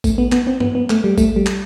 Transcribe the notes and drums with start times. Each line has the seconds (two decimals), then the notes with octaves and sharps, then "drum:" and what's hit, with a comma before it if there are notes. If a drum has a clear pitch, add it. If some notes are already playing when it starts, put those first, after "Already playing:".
0.04 A3, drum: kick A1, tambourine
0.18 B3
0.32 B3, drum: clap
0.47 C4
0.60 B3, drum: tom F#2
0.75 B3
0.90 A3, drum: clap
1.04 G3
1.18 A3, drum: kick A1, tambourine
1.36 G3
1.46 drum: clap